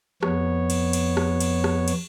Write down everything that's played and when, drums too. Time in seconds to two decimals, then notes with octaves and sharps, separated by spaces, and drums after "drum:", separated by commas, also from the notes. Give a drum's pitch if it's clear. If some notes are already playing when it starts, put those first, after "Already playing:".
0.23 F2 B3 C#5, drum: rim click
0.70 drum: cymbal
0.93 drum: cymbal
1.17 drum: rim click
1.40 drum: cymbal
1.64 drum: rim click
1.88 drum: cymbal